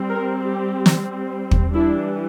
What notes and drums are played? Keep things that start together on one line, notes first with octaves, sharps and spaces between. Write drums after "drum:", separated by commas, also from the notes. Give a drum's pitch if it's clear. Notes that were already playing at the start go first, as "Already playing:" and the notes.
Already playing: G3 C4
A#4
G4
drum: snare
drum: kick
E3 G3 D4 E4